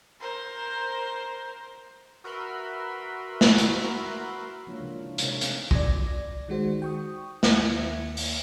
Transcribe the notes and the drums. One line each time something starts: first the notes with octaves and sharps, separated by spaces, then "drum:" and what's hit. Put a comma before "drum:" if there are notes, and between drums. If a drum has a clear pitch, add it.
A#4 C5
F#4 A#4 B4 E5 B5 C6
drum: snare
drum: hi-hat
F3 G#3 A#3 D4 F4 C#5
C#3 F3 D4
E4 F4
C3 G#3 D4 D#4 A#4 C#5, drum: hi-hat
A3 C4 F5, drum: hi-hat
D5 G#6 A#6, drum: kick
D#3 G#3 F#4 C5
G5 C#6 D#6
D#2 A#3 E5 G#6 C#7, drum: snare
drum: open hi-hat